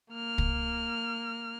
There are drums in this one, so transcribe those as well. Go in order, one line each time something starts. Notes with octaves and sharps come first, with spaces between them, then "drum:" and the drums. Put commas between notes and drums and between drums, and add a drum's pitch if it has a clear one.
A#3 F6
drum: kick